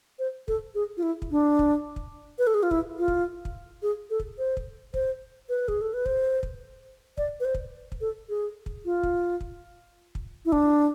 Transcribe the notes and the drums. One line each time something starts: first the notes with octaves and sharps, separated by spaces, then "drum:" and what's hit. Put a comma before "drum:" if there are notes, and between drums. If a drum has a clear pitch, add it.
C5
A4, drum: kick
G#4
F4
E4
drum: kick
D4
drum: kick
drum: kick
B4
A4
G#4
F4
E4, drum: kick
F4
drum: kick
drum: kick
G#4
A4
drum: kick
C5
drum: kick
C5, drum: kick
B4
G#4, drum: kick
A4
B4
C5, drum: kick
drum: kick
D5, drum: kick
B4
C5
drum: kick
drum: kick
A4
G#4
drum: kick
F4
drum: kick
drum: kick
drum: kick
E4
D4, drum: kick